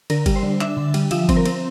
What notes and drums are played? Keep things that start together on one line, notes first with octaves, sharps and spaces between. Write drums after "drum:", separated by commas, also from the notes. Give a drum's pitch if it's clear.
D3 A#4, drum: cymbal
G3, drum: kick G1, cymbal
C5
D3
D4 E5, drum: clap
D3
G3, drum: cymbal
F3 E5, drum: cymbal
C4, drum: kick G1, cymbal
A#4
C4, drum: cymbal